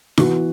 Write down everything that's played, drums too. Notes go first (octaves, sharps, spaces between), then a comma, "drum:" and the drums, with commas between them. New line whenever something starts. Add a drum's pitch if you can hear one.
E3 B3 F#4, drum: snare E4